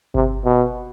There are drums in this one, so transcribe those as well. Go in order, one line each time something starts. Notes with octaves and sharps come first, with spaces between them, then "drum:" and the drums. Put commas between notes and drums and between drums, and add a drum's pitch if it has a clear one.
C3, drum: kick G1
B2